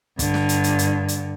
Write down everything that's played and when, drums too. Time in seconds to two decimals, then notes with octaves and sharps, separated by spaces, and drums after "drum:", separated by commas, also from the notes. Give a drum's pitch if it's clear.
0.19 G2 D3, drum: kick, hi-hat
0.34 drum: snare
0.49 drum: hi-hat
0.64 drum: hi-hat
0.79 drum: hi-hat
1.08 drum: hi-hat